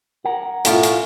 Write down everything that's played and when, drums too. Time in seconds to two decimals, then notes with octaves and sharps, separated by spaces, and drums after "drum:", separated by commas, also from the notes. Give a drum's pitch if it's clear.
0.25 A#4 F#5
0.65 A2 C#4 F4, drum: hi-hat
0.83 drum: hi-hat